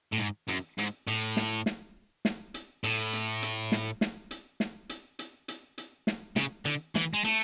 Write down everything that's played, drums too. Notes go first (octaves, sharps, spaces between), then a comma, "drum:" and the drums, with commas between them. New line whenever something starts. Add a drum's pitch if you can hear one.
A2
G#2
F#2, drum: hi-hat
G#2, drum: hi-hat
A2, drum: hi-hat
drum: snare
drum: snare
drum: snare
drum: hi-hat
A2, drum: hi-hat
drum: hi-hat
drum: hi-hat
drum: snare
drum: snare
drum: hi-hat
drum: snare
drum: hi-hat
drum: hi-hat
drum: hi-hat
drum: hi-hat
drum: snare
C#3, drum: snare
D3, drum: hi-hat
E3, drum: snare
G#3
A3, drum: hi-hat